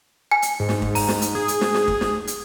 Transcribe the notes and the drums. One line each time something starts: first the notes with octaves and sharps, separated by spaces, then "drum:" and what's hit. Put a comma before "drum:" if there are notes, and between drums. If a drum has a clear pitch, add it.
G#5
drum: hi-hat
G#2
drum: snare
drum: kick
A#5, drum: open hi-hat
drum: snare
drum: hi-hat
G#4
drum: hi-hat
drum: snare
drum: snare
drum: kick
drum: snare
drum: hi-hat